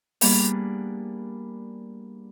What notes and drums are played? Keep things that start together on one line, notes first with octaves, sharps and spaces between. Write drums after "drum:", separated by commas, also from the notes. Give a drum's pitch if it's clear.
G3 A#3 B3 D4 G#4 B4, drum: open hi-hat